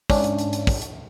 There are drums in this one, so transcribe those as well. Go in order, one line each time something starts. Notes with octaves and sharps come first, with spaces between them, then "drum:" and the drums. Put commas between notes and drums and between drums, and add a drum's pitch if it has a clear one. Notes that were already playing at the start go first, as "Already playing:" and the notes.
G#2 C#4 D4, drum: kick, open hi-hat
drum: hi-hat
drum: hi-hat
drum: hi-hat
drum: kick, open hi-hat
drum: hi-hat